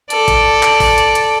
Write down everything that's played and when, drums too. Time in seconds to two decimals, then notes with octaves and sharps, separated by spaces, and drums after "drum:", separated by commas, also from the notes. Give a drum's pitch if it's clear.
0.10 A4 D5, drum: hi-hat
0.28 drum: kick A1, hi-hat
0.63 drum: clap
0.80 drum: kick A1, open hi-hat
0.98 drum: hi-hat
1.15 drum: hi-hat